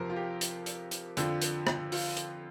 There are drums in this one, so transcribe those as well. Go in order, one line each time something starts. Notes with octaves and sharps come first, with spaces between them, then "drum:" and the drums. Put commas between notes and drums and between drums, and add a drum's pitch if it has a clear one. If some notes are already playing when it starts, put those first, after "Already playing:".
Already playing: F2 C3 F3 A#4 C5
F4
G4
drum: hi-hat
drum: hi-hat
drum: hi-hat
F2 D3 F3, drum: hi-hat
drum: hi-hat
drum: rim click
F4, drum: open hi-hat
drum: hi-hat